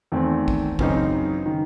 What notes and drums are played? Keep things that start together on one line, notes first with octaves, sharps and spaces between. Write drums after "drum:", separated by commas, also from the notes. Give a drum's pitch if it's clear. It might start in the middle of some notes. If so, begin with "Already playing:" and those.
E2 D#3 A3 C4
drum: kick
F#2 C#3 E3 C4 D#4, drum: kick
D#3